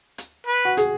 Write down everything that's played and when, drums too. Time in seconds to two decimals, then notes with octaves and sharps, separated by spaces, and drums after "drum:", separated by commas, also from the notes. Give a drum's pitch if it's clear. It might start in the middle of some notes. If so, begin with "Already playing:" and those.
0.18 drum: hi-hat
0.47 B4
0.65 F#4
0.77 G#4, drum: hi-hat